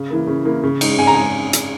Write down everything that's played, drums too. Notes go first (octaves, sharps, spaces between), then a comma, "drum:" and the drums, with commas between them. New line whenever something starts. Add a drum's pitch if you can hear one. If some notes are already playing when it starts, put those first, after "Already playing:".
Already playing: C#3
E3 A#3
C#3
E3 A#3
C#3
G#3 D#4, drum: cymbal
C#3 G#5
A#5
G#3 D#4 G#5
drum: hi-hat